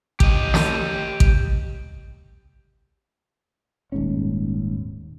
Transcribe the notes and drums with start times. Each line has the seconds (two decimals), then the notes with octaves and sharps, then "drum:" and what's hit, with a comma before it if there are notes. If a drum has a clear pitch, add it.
0.20 G4 D#5, drum: kick A1
0.54 drum: snare
1.20 drum: kick A1
3.92 D#1 G#2 C#4